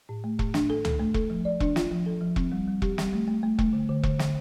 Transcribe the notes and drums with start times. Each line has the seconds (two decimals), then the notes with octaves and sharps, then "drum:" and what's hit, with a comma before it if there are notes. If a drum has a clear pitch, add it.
0.09 A2
0.24 A3
0.39 A2, drum: kick E1
0.54 D4, drum: snare
0.70 A4
0.85 A4, drum: tom
1.00 A3
1.14 A4, drum: kick E1
1.30 F3
1.45 D5
1.60 D4, drum: kick E1
1.76 F4, drum: snare
1.91 F3
2.06 A4
2.21 F3
2.36 C4, drum: kick E1
2.52 G3
2.67 G3
2.82 G4, drum: kick E1
2.98 G3, drum: snare
3.13 A3
3.27 A3
3.43 A3
3.59 A3, drum: kick E1
3.73 D3
3.89 D3
4.03 D3, drum: kick E1
4.19 D3, drum: snare